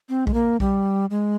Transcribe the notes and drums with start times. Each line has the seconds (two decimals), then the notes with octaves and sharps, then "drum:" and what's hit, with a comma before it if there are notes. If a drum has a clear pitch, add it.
0.09 C4
0.27 G#3, drum: kick A#1
0.34 A#3
0.60 G3, drum: kick A#1
1.10 G#3